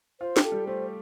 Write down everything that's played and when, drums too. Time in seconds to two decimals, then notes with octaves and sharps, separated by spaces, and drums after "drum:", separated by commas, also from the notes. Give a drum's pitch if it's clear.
0.20 F4 C5
0.37 G4, drum: snare
0.44 A4
0.52 G3
0.67 A3 C5